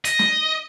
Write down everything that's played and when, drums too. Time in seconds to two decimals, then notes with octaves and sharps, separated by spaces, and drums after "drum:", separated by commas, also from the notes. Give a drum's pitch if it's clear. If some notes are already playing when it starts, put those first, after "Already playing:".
0.05 D#5, drum: hi-hat
0.19 drum: snare